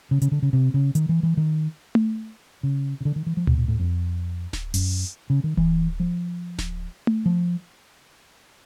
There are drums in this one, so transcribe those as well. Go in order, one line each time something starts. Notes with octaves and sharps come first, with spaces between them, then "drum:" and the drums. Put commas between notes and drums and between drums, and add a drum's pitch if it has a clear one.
C#3
C#3, drum: hi-hat
D3
C#3
C3
C#3
D#3, drum: hi-hat
E3
E3
D#3
drum: tom A3
C#3
C#3
D3
D#3
E3
F3
B2, drum: tom D2
A#2
A2
F2
drum: snare D1
F#2, drum: open hi-hat
C#3
D#3
E3, drum: kick D1
F3
drum: snare D1
drum: tom A3
F3